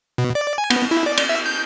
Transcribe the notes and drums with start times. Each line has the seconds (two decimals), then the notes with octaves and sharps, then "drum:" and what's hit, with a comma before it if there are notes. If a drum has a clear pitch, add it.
0.18 B2
0.35 D5
0.58 G#5
0.70 B3, drum: cymbal
0.91 E4
1.06 D5
1.17 drum: cymbal
1.29 E5
1.46 G6